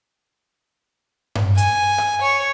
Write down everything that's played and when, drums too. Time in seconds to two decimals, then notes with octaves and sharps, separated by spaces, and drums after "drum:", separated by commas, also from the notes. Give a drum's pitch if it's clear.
1.35 drum: tom G2
1.57 G#5, drum: hi-hat
1.98 drum: rim click
2.22 C#5